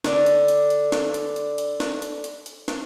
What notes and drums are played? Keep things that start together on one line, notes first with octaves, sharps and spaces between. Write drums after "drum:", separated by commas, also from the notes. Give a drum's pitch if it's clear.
D3 D5, drum: snare
drum: hi-hat
drum: hi-hat
drum: hi-hat
drum: snare
drum: hi-hat
drum: hi-hat
drum: hi-hat
drum: snare
drum: hi-hat
drum: hi-hat
drum: hi-hat
drum: snare